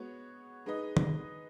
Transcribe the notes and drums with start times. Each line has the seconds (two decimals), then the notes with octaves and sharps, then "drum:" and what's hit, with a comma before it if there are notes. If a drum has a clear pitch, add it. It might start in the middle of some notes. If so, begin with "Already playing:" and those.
Already playing: G#3 B3 F#4 C#5
0.66 G#3 D#4 G#4 B4 D#5
0.97 drum: tom